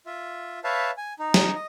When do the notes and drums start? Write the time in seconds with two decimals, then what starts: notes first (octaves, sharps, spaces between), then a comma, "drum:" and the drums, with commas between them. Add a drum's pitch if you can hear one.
0.06 F4 E5
0.64 B4 C#5 E5 F5 A5
0.97 G#5
1.19 D#4
1.34 drum: snare
1.55 D#5